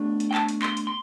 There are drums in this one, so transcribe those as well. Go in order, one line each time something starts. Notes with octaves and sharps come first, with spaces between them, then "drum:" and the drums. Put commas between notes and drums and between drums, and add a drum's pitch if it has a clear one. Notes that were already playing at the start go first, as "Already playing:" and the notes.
Already playing: B2 A3 D4
drum: hi-hat
G5
A5, drum: clap
drum: hi-hat
C6, drum: clap
drum: hi-hat
C6